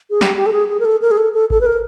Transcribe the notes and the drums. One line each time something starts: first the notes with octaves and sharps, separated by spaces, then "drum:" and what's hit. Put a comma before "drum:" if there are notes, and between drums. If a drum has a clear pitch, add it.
G#4
G4, drum: snare
G4
A4
G#4
G#4
A#4
A4
A#4
G#4
A4
A4
A4, drum: kick G#1
B4
A#4